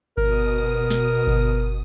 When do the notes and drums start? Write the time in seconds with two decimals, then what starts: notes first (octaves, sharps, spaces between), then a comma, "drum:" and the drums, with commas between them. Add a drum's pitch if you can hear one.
0.17 B2 A#4 D#6, drum: kick G1
0.90 drum: snare
1.27 drum: kick G1